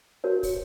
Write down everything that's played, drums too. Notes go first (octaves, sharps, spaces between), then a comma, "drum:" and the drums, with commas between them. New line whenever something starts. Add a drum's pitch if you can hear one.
F#4 A#4 C#5
drum: kick, open hi-hat